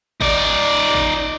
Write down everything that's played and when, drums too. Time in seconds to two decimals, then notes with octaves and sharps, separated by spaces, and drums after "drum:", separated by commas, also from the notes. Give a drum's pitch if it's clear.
0.21 D#4 D5, drum: kick G#1
0.94 drum: kick G#1